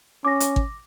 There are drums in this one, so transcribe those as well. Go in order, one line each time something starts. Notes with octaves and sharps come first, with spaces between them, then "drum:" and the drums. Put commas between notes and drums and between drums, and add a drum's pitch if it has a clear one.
C#4 D6 A#6
drum: hi-hat
drum: kick